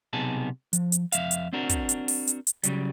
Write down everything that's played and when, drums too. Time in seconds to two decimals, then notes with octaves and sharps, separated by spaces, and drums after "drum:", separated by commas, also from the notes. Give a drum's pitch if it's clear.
0.13 B1 C3 B3 D#4 G#4 A5
0.73 F3, drum: hi-hat
0.92 drum: hi-hat
1.12 F2 E3 E5 F5, drum: hi-hat
1.31 drum: hi-hat
1.53 C4 D4 F#4 A#4
1.69 drum: kick, hi-hat
1.89 drum: hi-hat
2.08 drum: open hi-hat
2.27 drum: hi-hat
2.47 drum: hi-hat
2.63 C#3 F#3 G3, drum: hi-hat